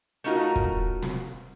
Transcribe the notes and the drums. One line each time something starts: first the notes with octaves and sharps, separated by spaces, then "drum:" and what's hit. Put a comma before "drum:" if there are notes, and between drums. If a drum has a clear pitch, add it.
A3 C#4 D#4 F4 F#4 A#4
drum: kick
drum: snare